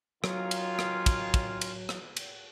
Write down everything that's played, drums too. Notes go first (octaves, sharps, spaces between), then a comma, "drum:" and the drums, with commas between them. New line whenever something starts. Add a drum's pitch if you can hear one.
D#3 F#3 C#4 F4, drum: rim click
drum: cymbal
drum: rim click
drum: kick, cymbal
drum: kick, cymbal
drum: cymbal
drum: rim click
drum: cymbal